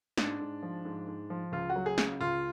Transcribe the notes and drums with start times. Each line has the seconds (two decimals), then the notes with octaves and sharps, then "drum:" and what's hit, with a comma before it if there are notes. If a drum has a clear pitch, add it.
0.18 G#2 D4, drum: snare
0.40 G#2
0.63 F3
0.85 G#2
1.07 G#2
1.30 F3
1.52 C#2 F4
1.70 F#4
1.76 F#3
1.86 G#4
1.98 C#3, drum: snare
2.21 C#2 F4